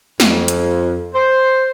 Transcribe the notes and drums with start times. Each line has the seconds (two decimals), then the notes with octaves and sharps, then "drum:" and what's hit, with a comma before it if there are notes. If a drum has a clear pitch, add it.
0.20 F2, drum: snare
0.48 drum: hi-hat
1.14 C5